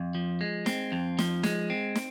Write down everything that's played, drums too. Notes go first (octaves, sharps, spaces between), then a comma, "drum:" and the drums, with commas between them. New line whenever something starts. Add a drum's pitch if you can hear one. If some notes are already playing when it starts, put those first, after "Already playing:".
Already playing: F2
F3
G#3
C4, drum: snare
F2
F3, drum: snare
G#3, drum: snare
C4
drum: snare